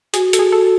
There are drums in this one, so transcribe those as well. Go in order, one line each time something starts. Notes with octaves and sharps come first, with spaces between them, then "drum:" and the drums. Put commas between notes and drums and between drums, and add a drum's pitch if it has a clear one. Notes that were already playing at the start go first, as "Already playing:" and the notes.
F#4 G#4, drum: hi-hat
A4, drum: hi-hat
G#4
A4